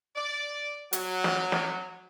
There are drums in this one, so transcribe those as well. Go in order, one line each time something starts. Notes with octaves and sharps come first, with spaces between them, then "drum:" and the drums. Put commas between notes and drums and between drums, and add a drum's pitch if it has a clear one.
D5
F#3, drum: hi-hat
drum: snare
drum: snare